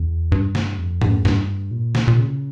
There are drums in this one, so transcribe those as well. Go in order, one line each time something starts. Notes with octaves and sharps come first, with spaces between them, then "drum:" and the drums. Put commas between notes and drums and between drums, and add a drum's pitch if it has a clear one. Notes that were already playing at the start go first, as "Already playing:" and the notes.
Already playing: E2
G2
drum: snare
F2
drum: tom G#2
G2, drum: snare
A#2
drum: snare
A#2
C#3